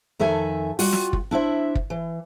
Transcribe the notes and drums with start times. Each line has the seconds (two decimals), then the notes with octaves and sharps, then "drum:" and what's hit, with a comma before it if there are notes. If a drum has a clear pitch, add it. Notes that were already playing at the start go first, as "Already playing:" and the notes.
0.19 F2 D#3 A4 E5 G#5
0.79 G3 F4 F#4, drum: open hi-hat
0.93 drum: snare
1.13 drum: kick
1.31 D4 E4 C5 E5
1.75 drum: kick
1.90 E3